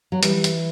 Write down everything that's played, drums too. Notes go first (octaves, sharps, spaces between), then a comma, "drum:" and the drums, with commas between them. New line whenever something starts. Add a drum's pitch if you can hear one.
F#3
E3 G3, drum: hi-hat
drum: hi-hat